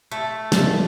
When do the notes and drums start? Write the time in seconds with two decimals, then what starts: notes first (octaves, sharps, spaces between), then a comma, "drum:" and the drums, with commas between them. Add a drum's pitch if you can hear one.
0.12 A3
0.52 E1, drum: snare